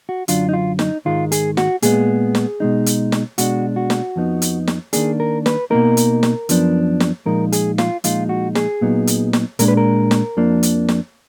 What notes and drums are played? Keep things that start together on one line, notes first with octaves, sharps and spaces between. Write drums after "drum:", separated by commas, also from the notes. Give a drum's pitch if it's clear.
F#4
F#2 D3 F#3 D4 F4, drum: hi-hat
D#4
F4
D#4, drum: snare
G#2 D#3 G#3 F4
G#4, drum: hi-hat
F#4, drum: snare
A#2 G#3 B3 G#4, drum: hi-hat
drum: snare
B2 G#3 D#4
drum: hi-hat
drum: snare
B2 G#3 D4 F#4, drum: hi-hat
F#4
drum: snare
F2 F3 B3 D#4
drum: hi-hat
drum: snare
D#3 A#3 D4 G#4, drum: hi-hat
A#4
B4, drum: snare
B2 A#3 D#4 A#4
drum: hi-hat
drum: snare
F#2 F3 B3 D4, drum: hi-hat
drum: snare
A#2 F3 G#3 D#4 A#4
G#4, drum: hi-hat
F4, drum: snare
A#2 F3 G#3 D#4 F4, drum: hi-hat
F#4
G#4, drum: snare
A#2 F#3 B3 D#4
drum: hi-hat
drum: snare
A#2 G#3 D4 A#4, drum: hi-hat
B4
A#4
drum: snare
F2 F3 A#3 D4
drum: hi-hat
drum: snare